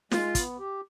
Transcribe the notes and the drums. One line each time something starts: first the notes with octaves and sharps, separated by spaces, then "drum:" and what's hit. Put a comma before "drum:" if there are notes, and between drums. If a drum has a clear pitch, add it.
G#3 F4, drum: snare
B3, drum: kick, hi-hat
G4